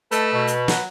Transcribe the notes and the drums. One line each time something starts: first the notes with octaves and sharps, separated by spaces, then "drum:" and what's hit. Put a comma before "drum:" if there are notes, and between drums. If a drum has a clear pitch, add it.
A3 A4 B4 D#5 A5, drum: hi-hat
B2
drum: hi-hat
F#3, drum: snare